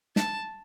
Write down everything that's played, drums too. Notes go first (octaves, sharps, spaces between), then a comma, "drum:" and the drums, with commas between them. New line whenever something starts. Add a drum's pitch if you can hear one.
A5, drum: snare